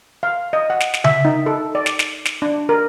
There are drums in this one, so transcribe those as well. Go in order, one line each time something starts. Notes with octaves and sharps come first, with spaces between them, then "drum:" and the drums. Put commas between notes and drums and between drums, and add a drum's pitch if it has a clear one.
F5
D#5
F#5
drum: snare
drum: snare
E5, drum: tom C#3
D#4
A4
D5
drum: snare
drum: snare
drum: snare
D4
A#4